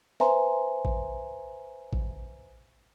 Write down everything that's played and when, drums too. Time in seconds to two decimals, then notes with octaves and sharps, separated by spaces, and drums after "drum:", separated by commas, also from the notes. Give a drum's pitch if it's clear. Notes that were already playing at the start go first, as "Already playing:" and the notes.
0.20 B4 C5 E5 G#5 A#5 C6, drum: snare C4
0.85 drum: kick A1
1.93 drum: kick A1